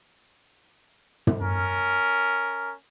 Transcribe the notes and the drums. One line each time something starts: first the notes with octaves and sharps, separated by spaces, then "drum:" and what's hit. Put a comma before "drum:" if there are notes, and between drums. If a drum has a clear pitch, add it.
drum: tom
C#4 A#4